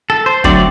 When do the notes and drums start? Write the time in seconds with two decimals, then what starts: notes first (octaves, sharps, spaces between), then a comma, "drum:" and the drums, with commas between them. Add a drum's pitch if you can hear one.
0.10 A4
0.26 C5
0.44 D3 F#3 A3 C4 D5, drum: kick